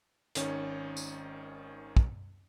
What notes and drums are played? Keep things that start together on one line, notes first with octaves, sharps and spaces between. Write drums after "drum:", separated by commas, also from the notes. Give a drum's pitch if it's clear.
G#1 D#3 C#4 C#5, drum: hi-hat
drum: tambourine
drum: kick